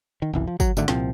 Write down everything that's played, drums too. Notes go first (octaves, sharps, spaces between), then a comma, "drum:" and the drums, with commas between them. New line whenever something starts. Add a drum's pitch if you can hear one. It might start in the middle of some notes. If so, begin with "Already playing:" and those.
D#3
F#1 C2 E3
F3
F#3, drum: kick, tambourine
G#1 D3 A3, drum: tambourine
C2 A#2 F3 C4, drum: snare